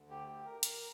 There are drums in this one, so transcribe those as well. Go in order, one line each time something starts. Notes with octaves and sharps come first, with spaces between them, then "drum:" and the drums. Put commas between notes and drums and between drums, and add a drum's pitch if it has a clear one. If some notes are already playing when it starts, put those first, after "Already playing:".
Already playing: D2 D3
G4
G4
A#4
A#4, drum: hi-hat